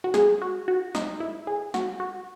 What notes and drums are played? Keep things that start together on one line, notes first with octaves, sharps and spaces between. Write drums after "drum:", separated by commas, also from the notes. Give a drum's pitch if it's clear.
F#4
G#4, drum: snare
F#4
F#4
D#4, drum: snare
E4
G#4
F#4, drum: snare
F#4